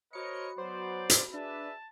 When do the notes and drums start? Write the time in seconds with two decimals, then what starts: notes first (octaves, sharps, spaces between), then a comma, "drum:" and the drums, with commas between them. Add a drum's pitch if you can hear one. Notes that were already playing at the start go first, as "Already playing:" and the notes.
0.13 F#4 A#4 C5 C#5 D#5 B5 C#7
0.58 F#3 B3 C5 D5
1.10 drum: hi-hat
1.34 D4 G#4 B4 E5 A5